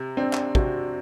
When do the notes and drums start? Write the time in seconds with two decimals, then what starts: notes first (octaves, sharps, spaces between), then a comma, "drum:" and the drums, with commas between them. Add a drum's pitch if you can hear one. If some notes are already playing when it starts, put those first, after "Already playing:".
Already playing: C3
0.17 C4 D4
0.33 drum: clap
0.55 C3 F#4, drum: kick